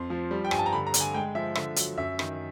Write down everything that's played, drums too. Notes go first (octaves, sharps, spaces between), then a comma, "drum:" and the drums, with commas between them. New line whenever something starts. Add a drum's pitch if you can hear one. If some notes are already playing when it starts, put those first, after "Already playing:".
Already playing: F2 C6
F3
G3
G5
G2 G#5, drum: rim click
A5
A#5
D3 B5
A#5
D3, drum: hi-hat
G#5
G#3 G5
F3 E5
D3 E5, drum: rim click
F#3, drum: hi-hat
F#2 E5
D#3, drum: rim click